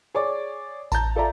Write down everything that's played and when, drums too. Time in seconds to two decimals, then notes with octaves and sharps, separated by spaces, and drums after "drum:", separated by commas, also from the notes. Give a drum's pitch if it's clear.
0.14 G#4 C#5 D5 C#6 D6
0.92 A5 A#5 G6, drum: kick A1, tambourine
1.15 F4 A4 D5 E5 A#5